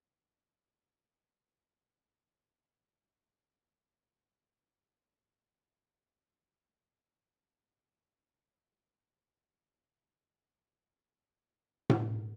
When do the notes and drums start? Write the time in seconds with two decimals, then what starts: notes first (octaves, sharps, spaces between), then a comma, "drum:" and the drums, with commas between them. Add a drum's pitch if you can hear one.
0.12 C#2 G3 D#4 A#6 C7
0.70 D3 D#3 F3 D4 E4
1.13 F#4
1.55 C#3
2.41 D2 C4 C#5 B5 E6 F#6
4.30 D3 F#3 G3 A3
7.67 D#4 E4
8.49 E3 G#3 A3 B3 C4
10.17 E3 G#4
11.06 A#4 E6
11.90 drum: tom A2